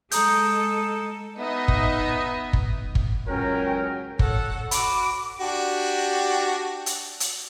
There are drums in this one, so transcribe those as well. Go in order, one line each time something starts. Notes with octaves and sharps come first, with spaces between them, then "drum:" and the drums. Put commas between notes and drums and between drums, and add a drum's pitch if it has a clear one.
G#3 A4 A#5 D#6 G6, drum: hi-hat
B3 D#4 D#5 E5
drum: kick
drum: kick
drum: kick
C#2 F#3 C#4 A#4 G5
A4 C#5 F#5, drum: kick
F#4 B5 D6, drum: hi-hat
D4 F#4 G4
drum: hi-hat
drum: hi-hat